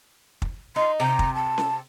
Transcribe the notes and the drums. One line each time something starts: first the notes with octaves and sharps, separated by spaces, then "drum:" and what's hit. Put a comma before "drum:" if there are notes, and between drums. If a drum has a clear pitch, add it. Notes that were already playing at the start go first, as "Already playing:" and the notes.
drum: kick
D#4 C6
C3 G5 A#5
drum: kick
A5
drum: snare C#4